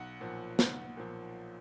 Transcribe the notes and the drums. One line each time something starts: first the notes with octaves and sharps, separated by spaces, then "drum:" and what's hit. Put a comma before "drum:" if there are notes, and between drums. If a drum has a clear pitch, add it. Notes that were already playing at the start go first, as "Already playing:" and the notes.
Already playing: B1 F#5
A#2 F3
B1, drum: snare
A#2 F3